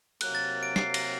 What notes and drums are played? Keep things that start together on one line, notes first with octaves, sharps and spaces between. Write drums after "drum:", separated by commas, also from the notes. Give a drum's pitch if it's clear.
C3 F#3 A#3 F#6, drum: cymbal
A6
D7
C7, drum: snare
A#6, drum: cymbal